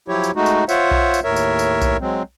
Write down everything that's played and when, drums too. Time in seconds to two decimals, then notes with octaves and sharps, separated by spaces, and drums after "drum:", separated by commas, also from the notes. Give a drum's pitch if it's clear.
0.08 F3 F#3 E4 G4 C#5
0.24 drum: tambourine
0.36 G#3 A3 D#4 F#4
0.46 drum: tambourine
0.69 F4 C5 C#5 E5 F#5, drum: tambourine
0.91 drum: kick B1
1.14 drum: tambourine
1.24 D#2 A2 A#4 C#5 E5
1.36 drum: tambourine
1.59 drum: tambourine
1.82 drum: kick B1, tambourine
2.01 F#3 G#3 C4